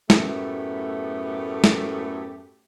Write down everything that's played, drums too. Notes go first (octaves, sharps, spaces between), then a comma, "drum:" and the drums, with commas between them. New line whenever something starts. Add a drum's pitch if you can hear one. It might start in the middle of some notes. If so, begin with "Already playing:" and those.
F#2 A2 A3 B3 G4 A4, drum: snare
drum: snare